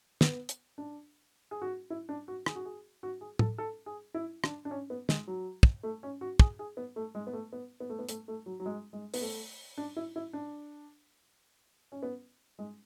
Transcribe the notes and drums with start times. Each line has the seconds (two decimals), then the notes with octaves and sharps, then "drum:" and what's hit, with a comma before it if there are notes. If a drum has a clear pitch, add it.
0.21 B3, drum: snare
0.49 drum: hi-hat
0.78 D4
1.51 G#4
1.62 F#4
1.90 E4
2.09 D4
2.28 F#4
2.46 G#4, drum: rim click
2.55 F#4
2.65 G#4
3.03 F#4
3.21 G#4
3.39 A4, drum: tom
3.58 A4
3.86 G#4
4.14 E4
4.44 D4, drum: rim click
4.65 D4
4.71 C#4
4.90 B3
5.09 G#3, drum: snare
5.28 F#3
5.63 drum: kick
5.83 A3
6.03 C#4
6.21 F#4
6.40 G#4, drum: kick
6.59 G#4
6.77 B3
6.96 A3
7.15 G#3
7.27 B3
7.33 A3
7.53 B3
7.80 B3
7.90 A3
7.99 B3
8.09 A3, drum: hi-hat
8.28 A3
8.46 F#3
8.60 F#3
8.66 G#3
8.93 G#3
9.14 B3, drum: open hi-hat
9.21 A3
9.78 D4
9.96 E4
10.16 E4
10.33 D4
11.92 C#4
12.03 B3
12.59 G#3